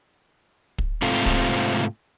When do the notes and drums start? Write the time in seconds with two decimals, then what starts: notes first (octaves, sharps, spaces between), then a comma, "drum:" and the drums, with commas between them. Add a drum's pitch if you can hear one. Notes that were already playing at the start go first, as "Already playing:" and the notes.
0.78 drum: kick
1.02 G#2 C3 A3 C4 F4
1.26 drum: kick